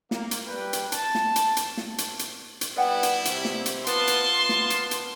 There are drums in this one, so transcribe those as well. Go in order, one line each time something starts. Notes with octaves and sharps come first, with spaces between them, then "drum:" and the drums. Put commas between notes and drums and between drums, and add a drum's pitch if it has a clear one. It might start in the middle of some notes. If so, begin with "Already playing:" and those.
A#3, drum: snare
drum: hi-hat
G3 B4 G5
drum: hi-hat
A5, drum: hi-hat
drum: snare
drum: hi-hat
drum: hi-hat
drum: snare
drum: hi-hat
drum: hi-hat
drum: hi-hat
G3 B3 E4 D5 F#5 G5
drum: hi-hat
C3, drum: hi-hat
drum: snare
drum: hi-hat
B3 F4 A5 C6, drum: hi-hat
drum: hi-hat
B3
drum: snare
drum: hi-hat
drum: hi-hat